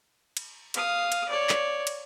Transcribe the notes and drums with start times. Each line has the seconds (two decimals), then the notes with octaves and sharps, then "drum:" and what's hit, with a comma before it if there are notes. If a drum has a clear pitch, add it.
0.37 drum: cymbal
0.74 F5 D#6, drum: cymbal
1.12 drum: cymbal
1.29 C#5 D5
1.49 drum: clap
1.87 drum: cymbal